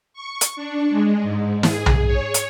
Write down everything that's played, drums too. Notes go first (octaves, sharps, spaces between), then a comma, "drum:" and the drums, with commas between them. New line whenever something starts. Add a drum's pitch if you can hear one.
C#6
drum: hi-hat
D4
G#3
G#2
G#4, drum: snare
drum: tom B1
C#5
drum: hi-hat